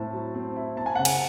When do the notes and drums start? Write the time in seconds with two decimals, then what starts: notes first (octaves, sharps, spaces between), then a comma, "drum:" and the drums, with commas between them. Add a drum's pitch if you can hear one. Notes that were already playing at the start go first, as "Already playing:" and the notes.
Already playing: A2 C4 E4 A5
0.13 F#3
0.35 C4
0.56 E4
0.77 C4 A5
0.86 G#5
0.95 C#3 F#5
1.05 G#5, drum: cymbal